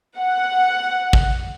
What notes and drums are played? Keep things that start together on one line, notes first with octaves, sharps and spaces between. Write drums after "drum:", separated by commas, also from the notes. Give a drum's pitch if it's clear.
F#5
drum: kick